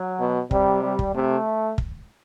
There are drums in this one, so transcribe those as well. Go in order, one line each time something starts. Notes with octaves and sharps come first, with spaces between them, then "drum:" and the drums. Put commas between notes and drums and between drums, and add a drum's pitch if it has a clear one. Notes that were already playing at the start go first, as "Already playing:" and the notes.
Already playing: F#3
B2
C3 G3, drum: kick
G3
drum: kick
C3 A3
drum: kick